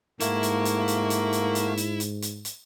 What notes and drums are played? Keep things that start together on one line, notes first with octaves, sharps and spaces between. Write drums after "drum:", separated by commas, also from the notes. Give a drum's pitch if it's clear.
G#2 A3 A#3 E4 F#4 F5, drum: hi-hat
drum: hi-hat
drum: hi-hat
drum: hi-hat
drum: hi-hat
drum: hi-hat
drum: hi-hat
drum: hi-hat
drum: hi-hat
drum: hi-hat
drum: hi-hat